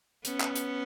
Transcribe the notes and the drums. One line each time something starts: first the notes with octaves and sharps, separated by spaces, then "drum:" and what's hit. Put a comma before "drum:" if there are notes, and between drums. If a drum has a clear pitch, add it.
B3 C#4, drum: hi-hat
drum: clap
drum: hi-hat